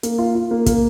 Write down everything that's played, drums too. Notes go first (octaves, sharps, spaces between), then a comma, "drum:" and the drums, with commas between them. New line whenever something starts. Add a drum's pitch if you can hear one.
A#3, drum: hi-hat
F4
F4
A#3
A#3, drum: kick, hi-hat